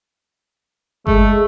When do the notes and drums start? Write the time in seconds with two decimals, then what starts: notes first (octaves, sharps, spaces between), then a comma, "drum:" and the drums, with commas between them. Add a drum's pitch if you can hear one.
1.07 G#3 A3, drum: kick G1